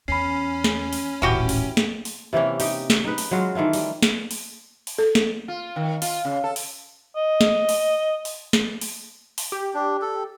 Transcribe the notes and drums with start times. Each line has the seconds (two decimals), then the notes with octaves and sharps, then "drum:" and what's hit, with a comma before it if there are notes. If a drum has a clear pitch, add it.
0.08 E2 C#4 B5 C7
0.64 drum: snare
0.93 drum: open hi-hat
1.22 D#1 A1 E3 F#4 G4
1.49 drum: open hi-hat
1.77 drum: snare
2.05 drum: open hi-hat
2.33 C3 E3 A#3 C#4
2.60 D#4 G4, drum: open hi-hat
2.90 drum: snare
3.04 D#4 B4
3.18 drum: open hi-hat
3.31 F#3 G#3 F4 F#4
3.55 D#3 E3 A3 F4
3.73 G3, drum: open hi-hat
4.02 drum: snare
4.31 drum: open hi-hat
4.87 drum: open hi-hat
4.99 A4
5.15 drum: snare
5.48 F4
5.76 D#3
6.02 F4, drum: open hi-hat
6.25 C#3
6.44 A4
6.56 drum: open hi-hat
7.16 D#5
7.41 drum: snare
7.69 drum: open hi-hat
8.25 drum: open hi-hat
8.53 drum: snare
8.81 drum: open hi-hat
9.38 drum: open hi-hat
9.52 G4
9.74 D4
10.02 A4